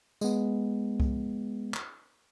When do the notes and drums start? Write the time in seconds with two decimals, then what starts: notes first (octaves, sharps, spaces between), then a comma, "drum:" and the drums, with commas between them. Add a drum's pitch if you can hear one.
0.21 G#3 B3, drum: tambourine
1.00 drum: kick C2
1.74 drum: clap